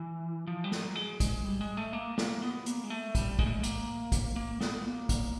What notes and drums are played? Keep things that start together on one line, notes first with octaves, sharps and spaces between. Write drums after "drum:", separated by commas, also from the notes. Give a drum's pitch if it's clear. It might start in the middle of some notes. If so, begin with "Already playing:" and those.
Already playing: E3
F3
G3
F#3, drum: snare
G#3
G#3, drum: kick, hi-hat
G3
G#3
A3
A#3
A#3, drum: snare
B3
A#3, drum: hi-hat
G#3
A3
G3, drum: kick, hi-hat
G#3, drum: kick
A3
G#3
A#3, drum: hi-hat
drum: kick, hi-hat
A#3
B3, drum: snare
A#3
drum: kick, hi-hat